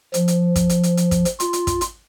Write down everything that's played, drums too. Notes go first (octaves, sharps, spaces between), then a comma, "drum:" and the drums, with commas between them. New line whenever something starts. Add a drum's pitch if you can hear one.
F3, drum: hi-hat
drum: hi-hat
drum: kick, hi-hat
drum: hi-hat
drum: hi-hat
drum: hi-hat
drum: kick, hi-hat
drum: hi-hat
F4, drum: hi-hat
drum: hi-hat
drum: kick, hi-hat
drum: hi-hat